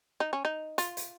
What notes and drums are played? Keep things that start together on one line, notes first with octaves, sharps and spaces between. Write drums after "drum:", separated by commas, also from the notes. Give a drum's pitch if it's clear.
D#4
C#4
D#4
F4, drum: hi-hat
drum: hi-hat